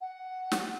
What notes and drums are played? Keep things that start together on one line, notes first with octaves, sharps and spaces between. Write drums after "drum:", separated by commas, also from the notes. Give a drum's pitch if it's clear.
F#5
drum: snare